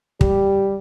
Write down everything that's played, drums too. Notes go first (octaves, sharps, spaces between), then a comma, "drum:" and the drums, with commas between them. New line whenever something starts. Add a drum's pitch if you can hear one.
G3 G4, drum: kick